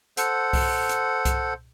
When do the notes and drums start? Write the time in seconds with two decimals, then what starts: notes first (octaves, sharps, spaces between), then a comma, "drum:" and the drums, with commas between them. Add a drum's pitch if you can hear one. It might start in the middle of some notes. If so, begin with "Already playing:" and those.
0.17 A4 C5 F#5, drum: hi-hat
0.53 drum: kick C2, open hi-hat
0.89 drum: hi-hat
1.25 drum: kick C2, hi-hat